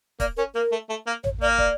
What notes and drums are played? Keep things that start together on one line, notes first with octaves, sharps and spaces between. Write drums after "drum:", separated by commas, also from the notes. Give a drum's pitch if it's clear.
A#3 D5, drum: kick, hi-hat
C#4 A#4
A#3 A#4
A3
A3
A#3
C#5, drum: tom A1
A#3 D5
D5, drum: kick